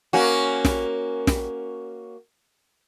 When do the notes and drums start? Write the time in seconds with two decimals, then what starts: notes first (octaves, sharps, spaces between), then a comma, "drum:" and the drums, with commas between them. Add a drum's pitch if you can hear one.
0.13 A#3 C#4 F#4
0.65 drum: snare
1.27 drum: snare